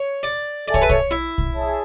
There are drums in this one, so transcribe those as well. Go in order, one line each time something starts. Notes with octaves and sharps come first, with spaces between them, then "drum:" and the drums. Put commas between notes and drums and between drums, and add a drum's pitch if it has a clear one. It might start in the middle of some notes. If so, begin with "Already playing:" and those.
Already playing: C#5
D5
A4 D5 E5 G#5
C#5, drum: kick
B4
C#5, drum: kick
E4
drum: kick
G#4 C#5 E5 A5